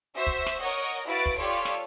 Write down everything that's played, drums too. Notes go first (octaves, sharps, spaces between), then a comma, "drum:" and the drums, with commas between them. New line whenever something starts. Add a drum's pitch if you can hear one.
F#4 C5 E5
drum: kick
drum: snare
A#4 C#5 D#5 F#5
E4 F#4 B4 F5 A6 D7
drum: kick
F4 G4 A4 C#5 D5
drum: snare